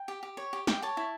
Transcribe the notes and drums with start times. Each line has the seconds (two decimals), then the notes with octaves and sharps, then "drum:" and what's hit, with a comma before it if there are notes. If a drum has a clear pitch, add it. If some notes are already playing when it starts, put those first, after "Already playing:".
Already playing: G5
0.08 G4
0.23 G4
0.37 C#5
0.53 G4
0.67 G4 G5, drum: snare
0.82 C#5 A5
0.97 E4